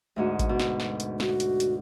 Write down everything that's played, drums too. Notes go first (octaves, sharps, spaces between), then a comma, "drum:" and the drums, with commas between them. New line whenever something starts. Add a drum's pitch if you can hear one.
D2 G#2 F#4
drum: kick A1, hi-hat
B2
drum: snare
drum: snare
drum: hi-hat
F#4, drum: snare
drum: hi-hat
drum: hi-hat